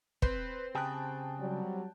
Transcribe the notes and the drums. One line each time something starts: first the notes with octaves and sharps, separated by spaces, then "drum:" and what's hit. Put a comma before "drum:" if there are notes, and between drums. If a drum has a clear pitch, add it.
C4 B4, drum: kick
C#3 G4 G#4 G5 A5 F#6
F#3 G3